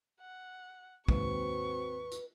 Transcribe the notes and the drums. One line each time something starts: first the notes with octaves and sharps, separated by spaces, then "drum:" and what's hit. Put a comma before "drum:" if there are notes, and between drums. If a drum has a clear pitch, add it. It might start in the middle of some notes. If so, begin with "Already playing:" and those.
F#5
D#2 G#2 C4 F#4 B4 C#6, drum: kick
drum: hi-hat